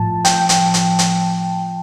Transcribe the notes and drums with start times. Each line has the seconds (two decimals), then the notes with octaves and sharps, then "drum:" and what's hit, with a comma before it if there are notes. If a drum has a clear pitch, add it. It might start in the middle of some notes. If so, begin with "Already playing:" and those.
Already playing: A2 F3 A5
0.25 G5, drum: hi-hat
0.49 drum: hi-hat
0.74 drum: hi-hat
0.99 drum: hi-hat